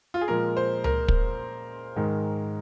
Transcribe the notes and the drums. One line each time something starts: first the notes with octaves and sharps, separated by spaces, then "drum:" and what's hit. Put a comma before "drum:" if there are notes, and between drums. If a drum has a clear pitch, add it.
F4
G#4
A#2 F3 G#3 A#4
C5
A#4, drum: tom C#2
drum: kick
G#2 D#3 G#3